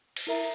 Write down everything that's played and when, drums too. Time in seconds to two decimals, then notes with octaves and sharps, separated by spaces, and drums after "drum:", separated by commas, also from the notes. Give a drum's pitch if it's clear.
0.16 drum: cymbal
0.27 E4 A#4 E5 A#5